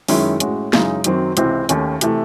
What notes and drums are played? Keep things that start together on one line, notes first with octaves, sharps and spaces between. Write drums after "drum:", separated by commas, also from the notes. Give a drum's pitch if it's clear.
F#2 D#3 G#3 C#4 E4, drum: open hi-hat
A2 G#3 C#4 F#4, drum: hi-hat
F#2 C#3 E3 G#3 D#4, drum: snare
F#2 D#3 F#3 C4, drum: hi-hat
C#2 C3 E3 C4, drum: hi-hat
D#2 D#3 A3 C#4, drum: hi-hat
C3 E3 A3, drum: hi-hat